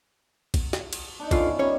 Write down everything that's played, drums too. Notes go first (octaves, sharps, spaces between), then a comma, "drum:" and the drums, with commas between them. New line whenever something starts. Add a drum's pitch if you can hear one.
drum: kick, cymbal
drum: snare
drum: cymbal
D4 D#4
D3 B3 C#4 E4 F4, drum: kick, cymbal
D#3 G3 C#4 C#5